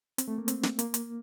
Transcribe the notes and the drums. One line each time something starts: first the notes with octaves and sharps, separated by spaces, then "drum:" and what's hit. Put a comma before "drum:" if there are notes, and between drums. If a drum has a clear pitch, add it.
C4, drum: hi-hat
A3
A#3
C4, drum: hi-hat
drum: snare
A#3, drum: hi-hat
drum: hi-hat